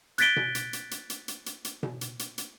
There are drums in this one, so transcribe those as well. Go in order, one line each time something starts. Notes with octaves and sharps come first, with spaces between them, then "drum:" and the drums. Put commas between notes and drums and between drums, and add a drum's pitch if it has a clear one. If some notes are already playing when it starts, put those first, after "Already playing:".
F#6 G#6 A6 B6 D7 G7, drum: hi-hat
drum: tom B2
drum: hi-hat
drum: hi-hat
drum: hi-hat
drum: hi-hat
drum: hi-hat
drum: hi-hat
drum: hi-hat
drum: tom B2
drum: hi-hat
drum: hi-hat
drum: hi-hat